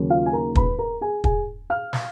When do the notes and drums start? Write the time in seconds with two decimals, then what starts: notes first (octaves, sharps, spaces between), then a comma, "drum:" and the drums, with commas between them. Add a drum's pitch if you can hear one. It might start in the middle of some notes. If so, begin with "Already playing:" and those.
Already playing: D#2 C#3 F#3 A#3 C#4
0.10 F4 F5
0.26 G#5
0.33 A#4 A#5
0.55 B4 B5, drum: kick
0.79 A#4 A#5
1.01 G#4 G#5
1.24 G#4 G#5, drum: kick
1.70 F5 F6
1.93 drum: snare